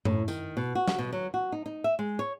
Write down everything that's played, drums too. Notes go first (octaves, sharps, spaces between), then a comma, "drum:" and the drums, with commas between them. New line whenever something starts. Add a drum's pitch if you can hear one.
A2, drum: tom F#2
D#3, drum: tambourine
B2
F#4
drum: snare
B2
F#3
F#4
D#4
D#4
E5
G#3
C#5